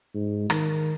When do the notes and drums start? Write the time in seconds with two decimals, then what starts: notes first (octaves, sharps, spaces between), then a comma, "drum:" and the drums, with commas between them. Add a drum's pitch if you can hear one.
0.14 G#2
0.50 D#3, drum: rim click